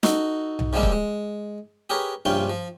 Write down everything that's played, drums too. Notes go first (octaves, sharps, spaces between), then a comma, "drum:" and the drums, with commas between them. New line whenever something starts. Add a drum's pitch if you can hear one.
D#4 F#4 A4, drum: snare
drum: tom B1
C3 F3 G3 G#3 A#3 C4
drum: kick
G#3
G4 G#4 A#4 B4 C#5
A#1 G2 C3 C#4 F4 G5
F3